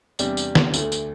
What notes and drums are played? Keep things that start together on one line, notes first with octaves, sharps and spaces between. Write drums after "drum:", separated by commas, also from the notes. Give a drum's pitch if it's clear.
E2 C3 G3 D4, drum: tambourine
drum: tambourine
drum: snare
D2 D3 A3, drum: tambourine
drum: tambourine